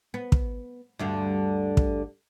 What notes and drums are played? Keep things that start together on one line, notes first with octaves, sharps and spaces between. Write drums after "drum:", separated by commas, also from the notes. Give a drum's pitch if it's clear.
B3
drum: kick
D2 G2 D3
drum: kick